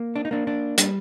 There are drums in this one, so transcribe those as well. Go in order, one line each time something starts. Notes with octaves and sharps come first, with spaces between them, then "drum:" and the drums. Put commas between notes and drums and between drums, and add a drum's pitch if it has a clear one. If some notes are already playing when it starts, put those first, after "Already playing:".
Already playing: A#3
D4
D#4
A#3 D4
D4
G3 D4, drum: hi-hat